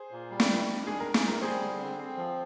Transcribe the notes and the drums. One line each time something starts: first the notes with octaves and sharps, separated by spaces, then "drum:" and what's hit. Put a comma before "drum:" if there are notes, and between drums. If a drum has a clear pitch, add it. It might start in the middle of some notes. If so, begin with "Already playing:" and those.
Already playing: G#4 C5
A#2
G3
drum: snare
D#3
D4
G#3 G#4
A#4
D#3
G#4, drum: snare
C4 A#4
G3 G#4 C5
D3
C4
C4
F3